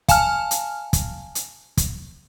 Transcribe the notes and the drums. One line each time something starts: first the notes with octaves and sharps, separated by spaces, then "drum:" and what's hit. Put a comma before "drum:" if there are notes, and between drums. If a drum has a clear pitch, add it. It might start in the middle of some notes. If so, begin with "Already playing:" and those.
F5 G#5 A5 F6, drum: kick, hi-hat
drum: hi-hat
drum: kick, hi-hat
drum: hi-hat
drum: kick, hi-hat